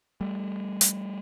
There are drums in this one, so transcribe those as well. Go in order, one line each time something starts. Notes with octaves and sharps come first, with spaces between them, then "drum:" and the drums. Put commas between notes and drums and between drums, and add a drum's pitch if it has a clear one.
G3 A3
drum: hi-hat